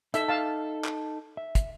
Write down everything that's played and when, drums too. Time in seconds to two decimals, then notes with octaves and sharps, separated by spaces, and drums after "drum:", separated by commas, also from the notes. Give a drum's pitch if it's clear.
0.14 D#4 A4 E5, drum: hi-hat
0.29 F5 A5
0.85 drum: clap
1.37 E5
1.55 drum: kick, hi-hat